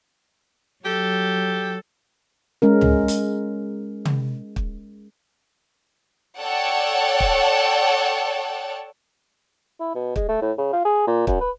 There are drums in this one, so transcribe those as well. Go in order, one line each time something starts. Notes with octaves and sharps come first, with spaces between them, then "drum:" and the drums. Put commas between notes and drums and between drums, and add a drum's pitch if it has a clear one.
F#3 G4 A4
G#3 C#4 A#4
drum: tom C#2
drum: hi-hat
drum: tom
drum: kick
A4 C#5 D5 F#5 G5 A5
drum: kick
E4
B2
G#3, drum: kick
A3
A2
C#3
F4
G#4
A#2
F#2, drum: kick
B4